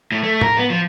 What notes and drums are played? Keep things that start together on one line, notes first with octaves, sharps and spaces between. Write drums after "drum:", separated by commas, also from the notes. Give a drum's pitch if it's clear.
A2
A3
A#4, drum: tom A2
B3
F3